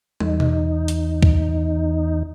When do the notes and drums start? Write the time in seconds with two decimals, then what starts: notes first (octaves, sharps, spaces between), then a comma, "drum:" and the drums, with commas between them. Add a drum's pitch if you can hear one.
0.20 E2 D#4, drum: tom
0.40 drum: tom B2
0.88 drum: hi-hat
1.23 drum: kick